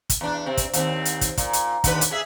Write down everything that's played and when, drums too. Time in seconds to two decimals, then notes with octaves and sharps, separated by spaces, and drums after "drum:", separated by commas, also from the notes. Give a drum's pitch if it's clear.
0.10 drum: kick, hi-hat
0.21 E2 D4
0.46 C3 C4
0.57 drum: kick, hi-hat
0.73 D#2 C4, drum: hi-hat
1.05 drum: hi-hat
1.21 drum: kick, hi-hat
1.37 A#2, drum: kick, hi-hat
1.53 drum: hi-hat
1.84 D#2 D3 B4, drum: kick, hi-hat
2.01 drum: hi-hat
2.11 G#4 E5